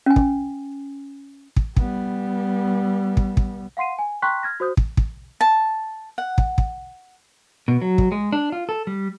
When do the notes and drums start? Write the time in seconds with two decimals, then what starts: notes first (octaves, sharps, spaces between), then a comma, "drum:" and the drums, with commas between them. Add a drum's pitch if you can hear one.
0.06 C#4 G#5
0.16 drum: kick
1.56 drum: kick
1.77 G3 B3, drum: kick
3.17 drum: kick
3.37 drum: kick
3.77 F5 F#5 C6 C7 D#7
3.99 G#5
4.22 G5 A#5 C6 C#6 F#6 B6
4.43 F6 G#6 A#6
4.60 F#4 C5 D#6 G6
4.77 drum: kick
4.97 drum: kick
5.41 A5
6.18 F#5
6.38 drum: kick
6.58 drum: kick
7.68 B2
7.82 F#3
7.98 drum: kick
8.12 G#3
8.33 D4
8.52 F4
8.69 A4
8.87 G3